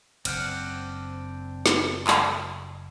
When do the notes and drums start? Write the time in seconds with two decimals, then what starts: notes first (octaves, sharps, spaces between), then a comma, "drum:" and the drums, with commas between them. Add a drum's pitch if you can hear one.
0.25 F#1 C4 D4 F#5 F6 G6, drum: cymbal
1.66 drum: snare
2.07 drum: clap